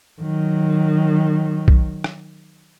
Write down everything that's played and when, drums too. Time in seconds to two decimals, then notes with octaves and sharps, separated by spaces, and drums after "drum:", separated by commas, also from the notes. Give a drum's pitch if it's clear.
0.21 D#3 F#3
1.68 drum: kick B1
2.04 drum: rim click